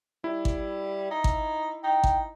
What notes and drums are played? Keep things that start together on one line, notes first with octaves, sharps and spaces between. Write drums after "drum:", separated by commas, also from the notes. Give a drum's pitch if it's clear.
G3 E4
drum: kick G#1
D#4
drum: kick G#1
D#4 G5
drum: kick G#1